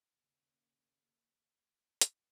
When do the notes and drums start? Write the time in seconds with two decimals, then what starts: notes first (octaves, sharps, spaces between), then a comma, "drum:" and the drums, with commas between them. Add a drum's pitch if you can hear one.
0.14 D#2 C#3 A#3
2.01 drum: hi-hat